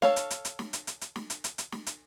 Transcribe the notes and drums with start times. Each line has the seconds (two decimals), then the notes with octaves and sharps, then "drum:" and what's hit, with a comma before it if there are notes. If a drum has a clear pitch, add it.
0.02 A4 C#5 F5, drum: snare
0.16 drum: hi-hat
0.30 drum: hi-hat
0.45 drum: hi-hat
0.59 drum: snare
0.73 drum: hi-hat
0.87 drum: hi-hat
1.01 drum: hi-hat
1.16 drum: snare
1.30 drum: hi-hat
1.44 drum: hi-hat
1.58 drum: hi-hat
1.72 drum: snare
1.87 drum: hi-hat